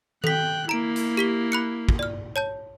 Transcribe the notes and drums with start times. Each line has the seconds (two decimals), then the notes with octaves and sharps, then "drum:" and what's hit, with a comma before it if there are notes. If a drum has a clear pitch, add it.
0.24 A4 G5 F#6 B6, drum: tom D#3
0.69 A#3 E4 A#5 D7
0.96 drum: hi-hat
1.17 G4 B6 G7
1.52 B5 F#6 C#7
1.89 drum: kick
1.99 D5 F6
2.36 C#5 A5 G6